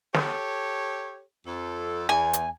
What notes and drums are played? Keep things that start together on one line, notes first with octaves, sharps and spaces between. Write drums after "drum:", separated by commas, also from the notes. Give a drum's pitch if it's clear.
G4 A4 C#5, drum: snare
F2 A4
E2 G#5
drum: hi-hat